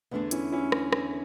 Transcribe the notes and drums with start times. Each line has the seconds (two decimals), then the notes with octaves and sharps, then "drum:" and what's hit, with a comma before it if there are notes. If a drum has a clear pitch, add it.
0.11 E2 D3 A3 B3 D4 G#4
0.31 C#4 E4, drum: hi-hat
0.52 C#4 E4
0.72 drum: rim click
0.93 drum: rim click